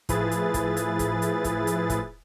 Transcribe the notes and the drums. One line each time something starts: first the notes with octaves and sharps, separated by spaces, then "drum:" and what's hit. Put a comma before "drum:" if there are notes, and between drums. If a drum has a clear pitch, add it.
A2 F3 E4 G#4 B4 A6, drum: kick, hi-hat
drum: hi-hat
drum: kick, hi-hat
drum: hi-hat
drum: kick, hi-hat
drum: hi-hat
drum: kick, hi-hat
drum: hi-hat
drum: kick, hi-hat